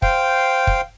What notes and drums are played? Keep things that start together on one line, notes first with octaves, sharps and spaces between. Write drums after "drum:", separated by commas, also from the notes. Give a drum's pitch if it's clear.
C5 F5 G5, drum: kick
drum: kick